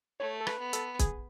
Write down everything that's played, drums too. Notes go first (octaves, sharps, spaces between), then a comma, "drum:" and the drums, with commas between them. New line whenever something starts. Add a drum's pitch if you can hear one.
A3 C#5
A4
B4, drum: rim click
B3
A4, drum: hi-hat
G#4, drum: kick, hi-hat